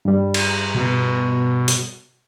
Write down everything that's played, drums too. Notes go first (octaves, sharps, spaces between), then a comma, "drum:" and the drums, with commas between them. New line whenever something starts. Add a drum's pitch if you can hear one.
G2 G3
drum: cymbal
B2
drum: hi-hat